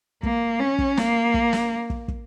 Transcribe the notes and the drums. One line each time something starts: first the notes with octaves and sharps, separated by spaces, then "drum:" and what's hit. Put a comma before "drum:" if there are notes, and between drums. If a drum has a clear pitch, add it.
A#3, drum: kick
C#4
drum: kick
A#3, drum: snare
drum: kick
drum: snare
drum: kick
drum: kick